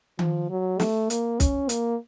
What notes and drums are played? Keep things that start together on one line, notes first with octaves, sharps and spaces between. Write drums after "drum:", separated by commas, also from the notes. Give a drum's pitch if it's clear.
F3, drum: tom D#3
F#3
A3, drum: snare
A#3, drum: hi-hat
C#4, drum: kick, hi-hat
A#3, drum: hi-hat